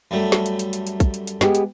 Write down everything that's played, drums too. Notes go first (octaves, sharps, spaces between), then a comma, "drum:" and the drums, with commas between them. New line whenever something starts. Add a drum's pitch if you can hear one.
F#2 G3 A3
drum: snare
drum: hi-hat
drum: hi-hat
drum: hi-hat
drum: hi-hat
drum: kick, hi-hat
drum: hi-hat
drum: hi-hat
G#3 B3 G4, drum: snare
drum: hi-hat